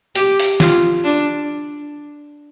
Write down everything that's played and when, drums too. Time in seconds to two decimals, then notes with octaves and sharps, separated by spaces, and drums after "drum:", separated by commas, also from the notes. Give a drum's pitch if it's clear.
0.15 G4, drum: hi-hat
0.39 drum: open hi-hat
0.60 F4, drum: snare
1.04 D4